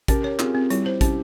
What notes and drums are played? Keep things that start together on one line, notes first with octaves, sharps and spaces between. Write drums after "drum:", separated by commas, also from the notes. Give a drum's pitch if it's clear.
C#4 G4 A#4, drum: kick, hi-hat
C#5
C4 F4 G#4, drum: clap
C4
G3 E4 G4, drum: hi-hat
C5
C#4 E4 G4, drum: kick, hi-hat